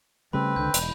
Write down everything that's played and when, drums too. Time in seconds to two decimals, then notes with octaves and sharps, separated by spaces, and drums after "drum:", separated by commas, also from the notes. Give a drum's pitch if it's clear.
0.33 C#3 G3 A3 C4 B4 B5
0.56 C#2 D3 G6
0.74 E1, drum: hi-hat